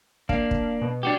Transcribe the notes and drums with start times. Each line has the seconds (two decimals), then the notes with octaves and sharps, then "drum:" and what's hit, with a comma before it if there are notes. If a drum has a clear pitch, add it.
0.29 A#3 D4 F5, drum: kick
0.51 drum: kick
0.82 B2
1.03 D4 F#4 G4